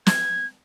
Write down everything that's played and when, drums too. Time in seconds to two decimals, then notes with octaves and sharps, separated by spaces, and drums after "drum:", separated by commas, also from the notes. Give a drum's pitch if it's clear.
0.07 G#6, drum: snare